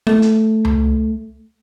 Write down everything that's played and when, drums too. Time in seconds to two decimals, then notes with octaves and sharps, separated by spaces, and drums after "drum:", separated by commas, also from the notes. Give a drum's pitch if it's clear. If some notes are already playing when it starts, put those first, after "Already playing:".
0.07 A3, drum: snare E4
0.22 drum: hi-hat
0.65 drum: tom C#2